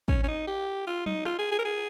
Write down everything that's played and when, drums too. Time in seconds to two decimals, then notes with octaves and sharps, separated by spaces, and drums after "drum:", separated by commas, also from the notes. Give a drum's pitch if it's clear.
0.08 C#4, drum: kick
0.23 C#4
0.28 D#4
0.47 G4
0.87 F4
1.06 D#4, drum: tom F#3
1.25 F4, drum: rim click
1.38 G#4
1.51 G#4
1.59 A#4
1.65 G#4